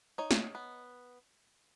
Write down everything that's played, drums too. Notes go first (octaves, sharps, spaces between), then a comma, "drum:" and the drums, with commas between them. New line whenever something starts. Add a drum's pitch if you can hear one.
D#4 C#5
drum: snare
B3